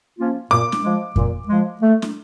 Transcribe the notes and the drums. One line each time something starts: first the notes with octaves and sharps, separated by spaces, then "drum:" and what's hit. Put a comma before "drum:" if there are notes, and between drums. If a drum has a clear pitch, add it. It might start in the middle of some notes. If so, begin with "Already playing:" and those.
F3 A#3 C#4 F4
A#2 D6
drum: snare
F3 G#3
A#2, drum: kick F2
F3 G#3
A3
drum: snare